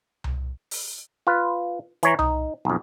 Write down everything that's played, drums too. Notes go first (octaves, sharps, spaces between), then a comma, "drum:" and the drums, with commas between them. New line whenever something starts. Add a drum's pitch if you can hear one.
drum: tom C2
drum: open hi-hat
F4 B4
E3 C#5 A#5, drum: hi-hat
D#4, drum: tom C2
B1 F2